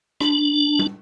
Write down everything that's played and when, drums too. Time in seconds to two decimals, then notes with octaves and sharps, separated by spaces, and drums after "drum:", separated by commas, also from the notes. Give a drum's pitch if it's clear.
0.21 D4, drum: rim click
0.79 drum: tom